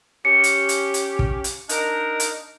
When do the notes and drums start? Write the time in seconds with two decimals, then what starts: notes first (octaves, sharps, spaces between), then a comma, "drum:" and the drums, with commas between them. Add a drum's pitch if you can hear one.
0.25 C#4 G4 C#7
0.44 drum: hi-hat
0.69 drum: hi-hat
0.94 drum: hi-hat
1.19 drum: kick
1.44 drum: hi-hat
1.69 D4 D#4 A#4, drum: hi-hat
2.20 drum: hi-hat